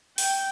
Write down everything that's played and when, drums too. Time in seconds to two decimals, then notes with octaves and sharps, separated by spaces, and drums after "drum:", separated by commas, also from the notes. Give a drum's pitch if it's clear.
0.18 G5, drum: open hi-hat